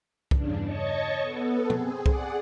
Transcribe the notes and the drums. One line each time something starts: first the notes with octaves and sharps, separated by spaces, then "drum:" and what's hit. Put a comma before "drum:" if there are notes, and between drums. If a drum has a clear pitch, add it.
E2 G2 C#3 D4, drum: kick C2
C#5 D#5 A5 C#6
B3 A4
C4 G#4, drum: tom
G#4 D5 F#5, drum: kick C2